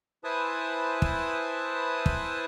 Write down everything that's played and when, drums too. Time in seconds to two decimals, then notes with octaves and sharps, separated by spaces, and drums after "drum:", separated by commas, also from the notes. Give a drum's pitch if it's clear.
0.24 E4 B4 C5 G#5 A5 D#6
1.02 drum: kick
2.06 drum: kick